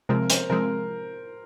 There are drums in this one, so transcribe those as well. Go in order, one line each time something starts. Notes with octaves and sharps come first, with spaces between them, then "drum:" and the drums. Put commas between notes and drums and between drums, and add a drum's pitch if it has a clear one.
C3 F3 G#3 C4 A#4
C5, drum: hi-hat
C3 F3 G#3 C4 A#4